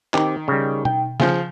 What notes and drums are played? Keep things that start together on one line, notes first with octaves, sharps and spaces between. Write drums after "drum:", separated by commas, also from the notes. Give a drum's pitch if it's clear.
D#3 C4 G4, drum: clap
C#3 G3
G5, drum: tom B2
C#3 F3, drum: snare